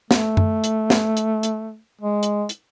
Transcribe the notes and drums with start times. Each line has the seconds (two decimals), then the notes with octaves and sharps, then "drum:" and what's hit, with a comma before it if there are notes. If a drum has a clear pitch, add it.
0.11 A3, drum: snare
0.37 drum: tom F#2
0.64 drum: hi-hat
0.90 drum: snare
1.17 drum: hi-hat
1.43 drum: hi-hat
2.01 G#3
2.23 drum: hi-hat
2.49 drum: hi-hat